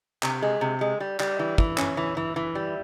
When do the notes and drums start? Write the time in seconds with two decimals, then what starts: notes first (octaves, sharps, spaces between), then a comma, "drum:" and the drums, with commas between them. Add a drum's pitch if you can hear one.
0.23 C3, drum: clap
0.42 G#3
0.61 C3
0.81 G#3
1.00 G3
1.20 G3, drum: clap
1.39 E3
1.58 E3, drum: kick
1.78 C#4, drum: clap
1.97 E3
2.17 E3
2.36 E3
2.55 G3